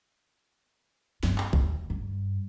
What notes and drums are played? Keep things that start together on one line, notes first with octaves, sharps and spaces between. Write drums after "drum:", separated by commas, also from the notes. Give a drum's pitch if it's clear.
G2, drum: snare
drum: clap
D#2, drum: kick
G2